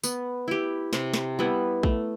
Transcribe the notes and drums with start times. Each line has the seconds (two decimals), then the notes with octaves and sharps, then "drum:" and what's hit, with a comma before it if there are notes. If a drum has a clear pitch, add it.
0.04 B3, drum: tambourine
0.48 E4 G4
0.93 C3, drum: snare
1.14 drum: snare
1.39 G3 B3 E4
1.83 A3, drum: kick